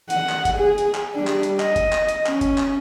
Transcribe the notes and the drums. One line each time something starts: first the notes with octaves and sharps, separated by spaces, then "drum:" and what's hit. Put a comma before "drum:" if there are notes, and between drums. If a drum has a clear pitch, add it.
F#5, drum: hi-hat
drum: clap
drum: kick, hi-hat
G#4
drum: hi-hat
drum: clap
G3 D4
drum: clap
drum: hi-hat
D#5, drum: clap
drum: kick, hi-hat
drum: clap
drum: hi-hat
C#4, drum: clap
drum: kick, hi-hat
drum: clap